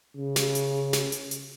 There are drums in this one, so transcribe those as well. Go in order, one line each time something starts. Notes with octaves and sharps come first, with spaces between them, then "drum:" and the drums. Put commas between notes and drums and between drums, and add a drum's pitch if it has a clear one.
C#3
drum: snare
drum: hi-hat
drum: snare
drum: hi-hat
drum: hi-hat